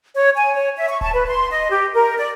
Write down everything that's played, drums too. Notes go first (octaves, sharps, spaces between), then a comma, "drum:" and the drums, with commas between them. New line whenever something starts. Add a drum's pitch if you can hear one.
C#5
G#5
C#5
E5
C#6
A5, drum: kick D1
B4
C6
D#5
G4
A#4
D5